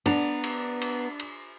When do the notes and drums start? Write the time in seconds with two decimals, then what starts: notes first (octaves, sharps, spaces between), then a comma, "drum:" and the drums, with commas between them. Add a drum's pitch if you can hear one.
0.06 B3 D4 A#5, drum: cymbal
0.44 drum: cymbal
0.81 drum: cymbal
1.19 drum: cymbal